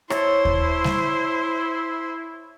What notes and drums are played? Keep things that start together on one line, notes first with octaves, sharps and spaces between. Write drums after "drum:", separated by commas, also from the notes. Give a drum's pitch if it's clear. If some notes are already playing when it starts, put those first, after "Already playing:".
E4 C5 C#5 A5, drum: rim click
drum: kick D#2
drum: snare G3